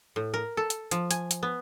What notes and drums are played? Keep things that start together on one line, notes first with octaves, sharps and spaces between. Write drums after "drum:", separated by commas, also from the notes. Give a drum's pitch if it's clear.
A2
A#4
A4
drum: hi-hat
F3, drum: hi-hat
G#5, drum: hi-hat
drum: hi-hat
B3